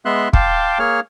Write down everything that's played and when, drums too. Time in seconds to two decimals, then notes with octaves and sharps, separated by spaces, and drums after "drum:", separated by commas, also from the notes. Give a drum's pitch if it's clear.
0.05 G#3 B3 E5 C6 F#6
0.33 F5 G5 A5 C6 D6, drum: kick
0.79 A#3 G#4 C#5 F6